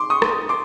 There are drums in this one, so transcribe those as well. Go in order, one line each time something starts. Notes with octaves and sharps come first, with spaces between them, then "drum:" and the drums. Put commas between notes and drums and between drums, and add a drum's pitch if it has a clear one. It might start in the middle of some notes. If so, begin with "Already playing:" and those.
Already playing: C6 D6
C#6 D#6
drum: rim click
C6 D6